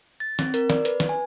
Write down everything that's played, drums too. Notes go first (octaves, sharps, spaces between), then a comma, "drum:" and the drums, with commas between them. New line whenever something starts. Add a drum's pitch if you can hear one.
A6
C4, drum: snare
A#4, drum: hi-hat
D5, drum: snare
B4, drum: hi-hat
drum: snare
G#5